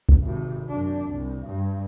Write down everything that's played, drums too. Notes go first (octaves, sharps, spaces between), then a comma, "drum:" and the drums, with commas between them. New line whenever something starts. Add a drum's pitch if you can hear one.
drum: kick C2
G#1 C3
F#2 D4
C2
G2